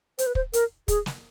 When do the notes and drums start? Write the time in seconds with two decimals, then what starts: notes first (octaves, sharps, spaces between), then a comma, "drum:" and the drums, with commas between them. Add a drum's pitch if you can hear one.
0.18 C5, drum: hi-hat
0.27 B4
0.35 C5, drum: kick
0.53 A#4, drum: hi-hat
0.88 G#4, drum: kick, hi-hat
1.06 drum: snare